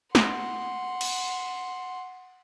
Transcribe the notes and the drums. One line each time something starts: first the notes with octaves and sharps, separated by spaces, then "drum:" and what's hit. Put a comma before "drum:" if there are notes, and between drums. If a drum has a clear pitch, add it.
F#5 C6, drum: snare
drum: cymbal